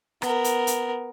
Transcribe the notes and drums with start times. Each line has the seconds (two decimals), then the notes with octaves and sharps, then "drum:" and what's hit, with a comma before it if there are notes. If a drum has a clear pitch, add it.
0.22 B3 A#4, drum: rim click
0.44 drum: hi-hat
0.67 drum: hi-hat